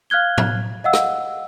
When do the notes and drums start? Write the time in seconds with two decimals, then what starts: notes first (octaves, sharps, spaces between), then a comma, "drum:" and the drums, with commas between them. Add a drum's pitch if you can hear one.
0.10 F5 F6 F#6 G#6 G7
0.38 drum: tom
0.84 D#5 F5 F#5 E6
0.93 drum: rim click